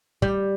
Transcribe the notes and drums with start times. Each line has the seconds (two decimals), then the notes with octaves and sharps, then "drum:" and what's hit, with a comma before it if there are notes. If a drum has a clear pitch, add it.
0.22 G3, drum: kick